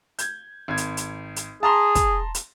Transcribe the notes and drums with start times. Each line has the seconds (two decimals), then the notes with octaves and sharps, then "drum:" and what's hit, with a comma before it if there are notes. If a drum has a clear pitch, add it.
0.19 G6 G#6, drum: hi-hat
0.68 G#1 G#6
0.77 drum: hi-hat
0.97 drum: hi-hat
1.36 drum: hi-hat
1.63 G#4 A5 A#5 C6
1.95 drum: kick, hi-hat
2.35 drum: hi-hat